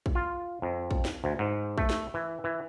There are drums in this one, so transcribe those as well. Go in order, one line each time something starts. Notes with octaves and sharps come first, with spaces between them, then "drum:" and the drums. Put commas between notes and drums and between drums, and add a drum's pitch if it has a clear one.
drum: kick
F4
F2
drum: kick
drum: snare
D2
G#2
A3, drum: kick
drum: snare
E3
E3